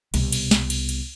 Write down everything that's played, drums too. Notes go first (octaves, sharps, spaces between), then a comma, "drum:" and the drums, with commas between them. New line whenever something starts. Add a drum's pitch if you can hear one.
C2 B2, drum: cymbal
drum: cymbal
drum: snare
drum: cymbal
drum: cymbal